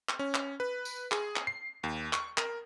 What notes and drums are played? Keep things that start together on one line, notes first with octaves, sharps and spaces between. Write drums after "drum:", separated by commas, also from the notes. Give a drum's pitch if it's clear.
drum: clap
C#4
drum: clap
B4
drum: tambourine
G#4, drum: clap
drum: clap
C7
D#2
C#6, drum: clap
A#4, drum: clap